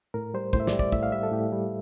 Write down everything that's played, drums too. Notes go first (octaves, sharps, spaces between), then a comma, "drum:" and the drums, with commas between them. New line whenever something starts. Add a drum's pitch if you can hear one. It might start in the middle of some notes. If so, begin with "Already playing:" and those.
A2 A#4
G3 C5
A2 C5, drum: kick
E5
D5, drum: snare
G3
D5, drum: kick
A2 E5, drum: kick
F5
G3 E5
A4
A2 G4
G3